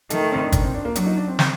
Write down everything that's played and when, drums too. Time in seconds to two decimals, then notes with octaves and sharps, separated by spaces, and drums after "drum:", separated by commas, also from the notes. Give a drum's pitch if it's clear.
0.10 D#3 A3, drum: hi-hat
0.21 A3
0.32 C4
0.42 D4
0.52 D4, drum: kick G1, hi-hat
0.63 C4
0.74 D4
0.85 A#3
0.95 F#3 D4, drum: hi-hat
1.06 D#4
1.17 D4
1.28 C4
1.39 C4, drum: snare